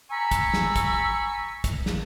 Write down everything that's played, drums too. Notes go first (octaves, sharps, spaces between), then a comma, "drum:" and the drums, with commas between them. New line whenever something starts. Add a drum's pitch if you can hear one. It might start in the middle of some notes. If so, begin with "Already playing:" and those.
G#5 A#5 B5 C#6 E6
drum: kick, hi-hat
drum: snare
drum: kick, hi-hat
drum: kick, hi-hat
drum: snare